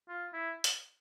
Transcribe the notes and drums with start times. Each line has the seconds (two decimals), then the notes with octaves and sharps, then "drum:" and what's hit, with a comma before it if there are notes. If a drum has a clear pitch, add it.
0.08 F4
0.33 E4
0.64 drum: hi-hat